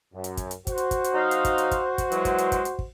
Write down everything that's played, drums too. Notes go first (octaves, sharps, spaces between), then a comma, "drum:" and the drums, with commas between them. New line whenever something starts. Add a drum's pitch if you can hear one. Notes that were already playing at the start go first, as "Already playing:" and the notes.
F#2
drum: hi-hat
drum: kick, hi-hat
drum: hi-hat
F#4 C5, drum: kick, hi-hat
drum: hi-hat
drum: kick, hi-hat
drum: hi-hat
F#3 D#4 F5
drum: hi-hat
drum: kick, hi-hat
drum: hi-hat
drum: kick, hi-hat
drum: kick, hi-hat
E3 F#3 G#3, drum: hi-hat
drum: kick, hi-hat
drum: hi-hat
drum: kick, hi-hat
drum: hi-hat
drum: kick